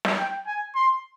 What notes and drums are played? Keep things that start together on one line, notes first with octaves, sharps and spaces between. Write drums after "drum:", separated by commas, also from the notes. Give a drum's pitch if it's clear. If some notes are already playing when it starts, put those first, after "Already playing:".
drum: snare
G5
G#5
C6